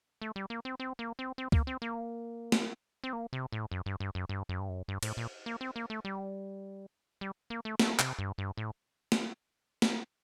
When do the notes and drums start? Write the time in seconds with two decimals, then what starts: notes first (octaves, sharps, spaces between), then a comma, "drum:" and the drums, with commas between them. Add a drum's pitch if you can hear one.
0.22 A3
0.36 G3
0.50 A#3
0.65 C4
0.80 C4
0.99 A#3
1.19 C4
1.38 C4
1.52 A#3, drum: kick
1.67 C4
1.82 A#3
2.52 drum: snare
3.04 C4
3.13 A#3
3.33 C3
3.52 A2
3.71 F#2
3.86 G2
4.00 G2
4.15 F#2
4.29 G2
4.49 F#2
4.60 G2
4.69 F#2
4.88 G2
5.03 A2, drum: cymbal
5.17 A#2
5.46 A#3
5.61 C4
5.76 A#3
5.90 A3
6.05 G3
7.21 G3
7.50 A#3
7.65 A3
7.80 A3, drum: snare
7.99 C3, drum: clap
8.19 G2
8.38 G2
8.57 A2
9.12 drum: snare
9.82 drum: snare